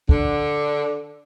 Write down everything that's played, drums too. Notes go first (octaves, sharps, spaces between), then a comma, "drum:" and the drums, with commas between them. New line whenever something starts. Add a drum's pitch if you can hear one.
D3, drum: kick